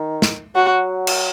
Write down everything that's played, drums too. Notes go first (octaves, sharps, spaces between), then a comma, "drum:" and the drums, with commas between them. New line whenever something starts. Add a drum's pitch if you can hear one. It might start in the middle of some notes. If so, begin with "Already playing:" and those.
Already playing: D#3
drum: snare
F#3 F#4
drum: cymbal